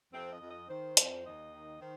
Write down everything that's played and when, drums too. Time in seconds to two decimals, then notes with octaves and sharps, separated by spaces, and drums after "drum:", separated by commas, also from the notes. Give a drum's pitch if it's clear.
0.13 F2 C4
0.32 D#5
0.41 F2
0.50 D#5
0.69 D#3 C5
0.97 F2, drum: hi-hat
1.25 D#2 D#5
1.52 D#3
1.81 D#3 C5